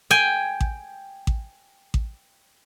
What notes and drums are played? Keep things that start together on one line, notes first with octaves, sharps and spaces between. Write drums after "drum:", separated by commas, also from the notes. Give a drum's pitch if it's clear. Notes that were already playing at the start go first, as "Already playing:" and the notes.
G5 G#5
drum: kick A1
drum: kick A1
drum: kick A1